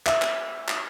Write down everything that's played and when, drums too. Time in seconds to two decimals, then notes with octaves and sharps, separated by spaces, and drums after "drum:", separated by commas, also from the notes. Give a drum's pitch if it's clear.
0.06 E5, drum: clap
0.22 drum: clap
0.68 drum: clap